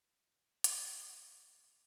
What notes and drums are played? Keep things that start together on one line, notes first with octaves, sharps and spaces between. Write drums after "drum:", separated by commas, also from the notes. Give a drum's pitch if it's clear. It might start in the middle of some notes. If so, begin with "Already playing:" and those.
F3 E5
A#2
A#2, drum: hi-hat
A#2
A#3 F#5
A#2
A#3